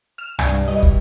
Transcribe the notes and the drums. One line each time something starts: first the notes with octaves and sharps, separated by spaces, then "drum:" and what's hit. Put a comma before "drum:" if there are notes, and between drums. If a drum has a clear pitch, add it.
F6 E7
C2 G2 D5, drum: rim click
B2 E3 G3 D#5
drum: kick